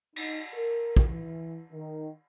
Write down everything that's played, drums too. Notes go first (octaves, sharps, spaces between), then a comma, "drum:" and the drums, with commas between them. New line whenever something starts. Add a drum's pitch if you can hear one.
D#4, drum: cymbal
A#4
drum: kick
E3
D#3